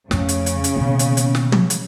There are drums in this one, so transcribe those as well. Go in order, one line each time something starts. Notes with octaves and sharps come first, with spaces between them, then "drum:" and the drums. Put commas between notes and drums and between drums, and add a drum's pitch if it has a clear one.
F2 C#3 A3, drum: snare
drum: hi-hat
drum: hi-hat
drum: hi-hat
B2 D#3 A#3
drum: hi-hat
drum: hi-hat
drum: snare
drum: tom
drum: hi-hat